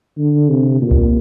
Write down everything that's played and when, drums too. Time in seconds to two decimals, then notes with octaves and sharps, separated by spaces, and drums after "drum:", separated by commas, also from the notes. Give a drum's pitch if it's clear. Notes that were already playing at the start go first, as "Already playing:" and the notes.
0.18 D3
0.49 C3
0.81 A#2
0.91 drum: kick C2